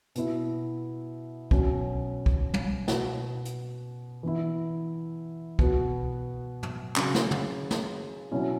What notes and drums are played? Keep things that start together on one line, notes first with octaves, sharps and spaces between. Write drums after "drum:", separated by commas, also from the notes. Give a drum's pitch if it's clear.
B2 B3 E4, drum: hi-hat
B2 F#3 C#4, drum: kick
drum: kick
drum: tom
B2 B3 F#4, drum: snare
drum: hi-hat
E3 B3 E4
B2 B3 F#4, drum: kick
drum: tom
C#3 F#3 C#4, drum: clap
drum: snare
drum: tom
drum: snare
B2 F#3 C#4 E4